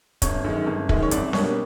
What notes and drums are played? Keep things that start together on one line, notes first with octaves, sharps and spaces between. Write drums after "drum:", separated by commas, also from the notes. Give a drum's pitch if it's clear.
G1 C#5, drum: kick, hi-hat
F#2 D#3 G#3
G1
F#2 D#3 G#3, drum: kick
C#5
C2 D5, drum: hi-hat
B2 G3 A#3 D4 C#5, drum: snare C4